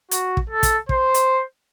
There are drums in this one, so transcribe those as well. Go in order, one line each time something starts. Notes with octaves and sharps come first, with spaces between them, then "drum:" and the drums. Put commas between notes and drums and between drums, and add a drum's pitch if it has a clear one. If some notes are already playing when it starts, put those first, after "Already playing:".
F#4, drum: hi-hat
drum: kick
A4
drum: kick, hi-hat
C5, drum: kick
drum: hi-hat